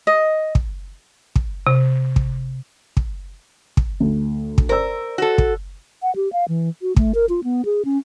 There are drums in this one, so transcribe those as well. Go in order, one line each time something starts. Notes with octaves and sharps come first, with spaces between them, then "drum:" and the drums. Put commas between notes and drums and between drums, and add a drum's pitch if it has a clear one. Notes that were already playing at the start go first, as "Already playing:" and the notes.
D#5
drum: kick
drum: kick
C3
drum: kick
drum: kick
drum: kick
D2
drum: kick
A#4 C5 D5 E6
F#4 A4
drum: kick
F#5
G4
F5
E3
F#4
A3, drum: kick
A#4
F4
B3
G#4
C#4